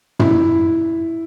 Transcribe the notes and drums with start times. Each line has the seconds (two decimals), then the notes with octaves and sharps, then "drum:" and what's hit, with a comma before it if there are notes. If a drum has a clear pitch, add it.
0.19 E4, drum: tom